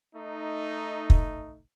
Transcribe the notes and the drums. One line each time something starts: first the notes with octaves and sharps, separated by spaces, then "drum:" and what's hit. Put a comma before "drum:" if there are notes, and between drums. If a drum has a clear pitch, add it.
A3 D#4
drum: kick